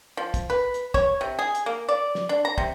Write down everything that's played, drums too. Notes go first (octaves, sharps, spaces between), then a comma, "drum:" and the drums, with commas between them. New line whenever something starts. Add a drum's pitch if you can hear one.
F3
drum: kick, hi-hat
B4
drum: hi-hat
C#5, drum: kick
C3
G#4
drum: hi-hat
A#3
D5
drum: snare
D4
A#5
C3, drum: kick